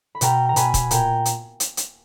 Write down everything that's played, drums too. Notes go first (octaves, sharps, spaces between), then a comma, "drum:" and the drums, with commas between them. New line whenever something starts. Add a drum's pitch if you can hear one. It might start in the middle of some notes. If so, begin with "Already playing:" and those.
B5
B2 G5 A#5, drum: hi-hat
A#5
B2 G#5 B5, drum: hi-hat
drum: kick, hi-hat
A#2 G5 A#5, drum: hi-hat
drum: hi-hat
drum: hi-hat
drum: hi-hat